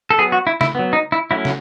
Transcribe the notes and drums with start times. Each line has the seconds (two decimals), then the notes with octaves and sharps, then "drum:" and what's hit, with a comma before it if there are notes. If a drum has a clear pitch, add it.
0.10 A4
0.19 F#3 B3 G#4
0.32 F#4
0.47 E4
0.61 E4, drum: snare
0.75 F#3 B3
0.93 D#4
1.12 E4
1.31 F#3 A3 C#4 E4
1.45 drum: snare